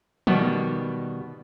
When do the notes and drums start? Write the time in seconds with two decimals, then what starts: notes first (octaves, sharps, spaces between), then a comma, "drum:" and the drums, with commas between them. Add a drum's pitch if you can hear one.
0.27 B2 D#3 G3 B3, drum: tom